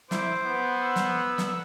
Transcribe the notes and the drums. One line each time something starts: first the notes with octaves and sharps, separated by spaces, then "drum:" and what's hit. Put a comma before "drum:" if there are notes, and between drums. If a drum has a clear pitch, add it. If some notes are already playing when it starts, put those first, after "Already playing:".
E4 C5 D6, drum: snare
B3
F#5 E6
drum: snare
drum: snare